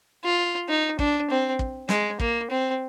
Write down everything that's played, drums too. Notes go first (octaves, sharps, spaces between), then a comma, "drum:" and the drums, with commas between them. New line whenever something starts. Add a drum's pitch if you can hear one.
F4
D#4
D4, drum: kick
C4
drum: kick
G#3, drum: snare
A#3, drum: kick
C4